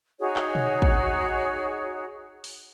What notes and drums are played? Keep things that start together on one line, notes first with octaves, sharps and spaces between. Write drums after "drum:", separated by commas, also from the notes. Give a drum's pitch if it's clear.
D#4 F#4 G#4 C#5
drum: clap
drum: tom
drum: kick
drum: open hi-hat